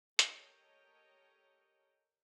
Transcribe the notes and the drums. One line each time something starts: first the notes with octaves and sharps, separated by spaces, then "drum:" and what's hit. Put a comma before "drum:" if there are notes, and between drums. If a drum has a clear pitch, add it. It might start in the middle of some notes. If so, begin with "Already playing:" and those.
G4 A4 A#4 C#5 D#5 G5, drum: hi-hat